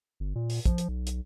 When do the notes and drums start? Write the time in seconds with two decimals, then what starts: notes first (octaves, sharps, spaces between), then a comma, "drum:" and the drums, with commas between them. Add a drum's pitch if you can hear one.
0.20 G1
0.35 A#2
0.50 drum: open hi-hat
0.66 F3, drum: kick, hi-hat
0.78 drum: hi-hat
0.88 B1
1.07 drum: hi-hat